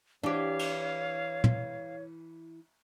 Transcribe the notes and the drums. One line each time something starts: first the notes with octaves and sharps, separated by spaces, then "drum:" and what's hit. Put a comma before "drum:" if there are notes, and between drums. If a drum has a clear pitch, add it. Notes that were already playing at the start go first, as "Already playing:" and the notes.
E3 D4 G4 C#5 F5
drum: cymbal
drum: tom